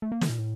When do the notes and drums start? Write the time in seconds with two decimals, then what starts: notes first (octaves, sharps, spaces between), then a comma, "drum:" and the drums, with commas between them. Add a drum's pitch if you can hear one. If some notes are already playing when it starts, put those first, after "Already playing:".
0.02 A3
0.12 A#3
0.21 D3, drum: snare
0.29 A#2
0.39 A2